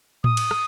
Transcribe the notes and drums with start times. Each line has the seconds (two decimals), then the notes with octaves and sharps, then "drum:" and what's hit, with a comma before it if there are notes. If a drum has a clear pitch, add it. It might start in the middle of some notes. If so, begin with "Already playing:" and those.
0.24 D#6, drum: tom A2
0.37 drum: cymbal
0.51 drum: rim click